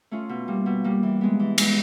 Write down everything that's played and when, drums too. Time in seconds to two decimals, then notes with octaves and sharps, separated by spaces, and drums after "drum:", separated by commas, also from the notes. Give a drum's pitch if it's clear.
0.11 A3 C#4 F4
0.29 B2
0.48 G3 A#3
0.66 B2
0.84 G3 A#3
1.03 E3
1.21 G#3 B3
1.40 E3
1.58 G#3 B3, drum: cymbal